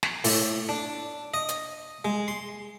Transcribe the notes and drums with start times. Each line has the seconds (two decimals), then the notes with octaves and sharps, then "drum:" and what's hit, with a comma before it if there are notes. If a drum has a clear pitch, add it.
0.03 drum: snare
0.24 A2, drum: open hi-hat
0.69 D4
1.34 D#5
1.49 drum: hi-hat
2.05 G#3
2.28 C6